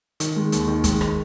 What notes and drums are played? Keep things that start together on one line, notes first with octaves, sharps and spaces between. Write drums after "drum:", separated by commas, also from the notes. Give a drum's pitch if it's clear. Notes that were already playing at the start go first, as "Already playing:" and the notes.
D#3, drum: hi-hat
G#3
D#2, drum: hi-hat
D#3
G#3, drum: kick, hi-hat
D#3, drum: rim click